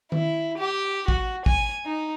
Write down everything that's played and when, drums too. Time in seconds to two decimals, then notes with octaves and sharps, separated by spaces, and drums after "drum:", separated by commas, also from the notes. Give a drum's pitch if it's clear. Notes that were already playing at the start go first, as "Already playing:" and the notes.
0.12 E4, drum: tom D#3
0.58 G4
1.08 F#4, drum: kick
1.46 G#5, drum: kick
1.85 D#4